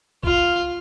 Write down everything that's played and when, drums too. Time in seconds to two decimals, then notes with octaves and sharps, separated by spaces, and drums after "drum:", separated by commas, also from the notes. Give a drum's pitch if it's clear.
0.23 F4 F5, drum: kick B1